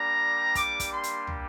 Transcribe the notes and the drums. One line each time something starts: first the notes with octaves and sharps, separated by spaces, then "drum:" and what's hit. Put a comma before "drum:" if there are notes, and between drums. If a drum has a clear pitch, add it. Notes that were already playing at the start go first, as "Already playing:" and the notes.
Already playing: G3 A#3 D4 G4 A#5
D6, drum: kick, hi-hat
drum: kick, hi-hat
C6
drum: hi-hat
drum: tom